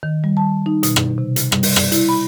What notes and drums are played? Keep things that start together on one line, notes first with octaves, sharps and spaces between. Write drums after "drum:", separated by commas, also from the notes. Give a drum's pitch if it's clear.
D#3
G3
A5
D#4
B2, drum: hi-hat
drum: rim click
C3
drum: hi-hat
G3, drum: rim click
drum: open hi-hat
D5, drum: rim click
E4, drum: hi-hat
B5